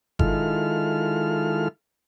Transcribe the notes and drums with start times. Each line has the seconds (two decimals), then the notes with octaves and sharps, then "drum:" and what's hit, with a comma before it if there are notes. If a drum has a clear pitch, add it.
0.19 D#3 G#3 E4 F4 A4 F6, drum: kick G1